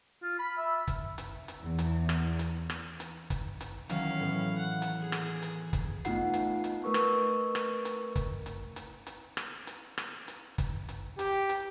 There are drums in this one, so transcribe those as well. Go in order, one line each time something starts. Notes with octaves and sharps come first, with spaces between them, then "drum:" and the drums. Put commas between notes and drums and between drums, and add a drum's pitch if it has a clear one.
F4
B5
E5
drum: kick, hi-hat
drum: hi-hat
drum: hi-hat
E2
drum: hi-hat
drum: rim click
drum: hi-hat
drum: rim click
drum: hi-hat
drum: kick, hi-hat
drum: hi-hat
D#3 E3 F#3 C#4 F5, drum: hi-hat
A2 B3 E4
F#5
drum: hi-hat
G#4
drum: rim click
drum: hi-hat
drum: kick, hi-hat
A3 B3 D#4 F4 F#5 C7, drum: hi-hat
drum: hi-hat
drum: hi-hat
A3 A#4 B4 C#6
drum: rim click
drum: rim click
drum: hi-hat
drum: kick, hi-hat
drum: hi-hat
drum: hi-hat
drum: hi-hat
drum: rim click
drum: hi-hat
drum: rim click
drum: hi-hat
drum: kick, hi-hat
drum: hi-hat
G4, drum: hi-hat
drum: hi-hat